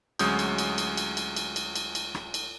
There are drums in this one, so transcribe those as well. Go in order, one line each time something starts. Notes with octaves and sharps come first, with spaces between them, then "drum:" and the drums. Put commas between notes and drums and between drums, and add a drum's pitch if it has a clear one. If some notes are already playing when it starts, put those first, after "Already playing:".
D2 F#3 G#3 C#4 D#6 G6, drum: cymbal
drum: cymbal
drum: cymbal
drum: cymbal
drum: cymbal
drum: cymbal
drum: cymbal
drum: cymbal
drum: cymbal
drum: cymbal
drum: rim click
drum: cymbal